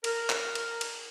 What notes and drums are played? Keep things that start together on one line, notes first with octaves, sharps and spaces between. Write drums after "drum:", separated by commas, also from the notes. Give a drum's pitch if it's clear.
A#4, drum: cymbal
drum: clap
drum: cymbal
drum: cymbal